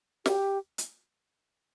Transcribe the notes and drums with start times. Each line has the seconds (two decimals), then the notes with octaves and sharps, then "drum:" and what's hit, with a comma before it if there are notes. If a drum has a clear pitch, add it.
0.26 G4, drum: snare
0.78 drum: hi-hat